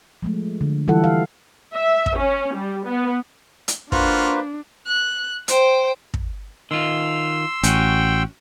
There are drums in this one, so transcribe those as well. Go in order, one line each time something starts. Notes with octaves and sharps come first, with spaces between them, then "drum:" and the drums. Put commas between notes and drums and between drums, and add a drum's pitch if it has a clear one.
F3 G#3 A3
D3
E3 G3 E4 F4 A4 F#5
F5
E5
drum: kick
C#4
G3
B3
drum: hi-hat
A#3 D4 F4 F#4 B4 C5, drum: kick
F#6
C5 G5, drum: hi-hat
drum: kick
D#3 F4 C6 E6
A1 C#4 F#4 G5, drum: hi-hat